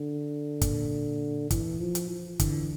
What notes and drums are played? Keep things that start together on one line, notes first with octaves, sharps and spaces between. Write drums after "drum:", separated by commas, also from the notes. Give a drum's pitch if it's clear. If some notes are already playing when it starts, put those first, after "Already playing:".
Already playing: D3
A#2, drum: kick, hi-hat
E3, drum: kick, hi-hat
F3
drum: hi-hat
F3
D3 E3, drum: kick, hi-hat